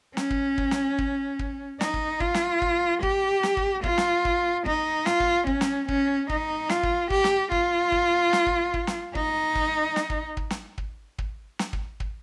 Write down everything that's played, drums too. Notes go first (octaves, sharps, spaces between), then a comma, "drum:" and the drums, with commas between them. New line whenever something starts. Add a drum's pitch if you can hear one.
C#4, drum: snare
drum: kick
drum: kick
drum: snare
drum: kick
drum: kick
D#4, drum: snare
drum: kick
F4, drum: kick
drum: snare
drum: kick
G4, drum: kick
drum: snare
drum: kick
F4, drum: kick
drum: snare
drum: kick
D#4, drum: kick
F4, drum: snare
drum: kick
C#4, drum: kick
drum: snare
C#4, drum: kick
D#4, drum: kick
F4, drum: snare
drum: kick
G4, drum: kick
drum: snare
F4, drum: kick
drum: kick
drum: snare
drum: kick
drum: kick
drum: snare
D#4, drum: kick
drum: kick
drum: snare
drum: kick
drum: kick
drum: snare
drum: kick
drum: kick
drum: snare
drum: kick
drum: kick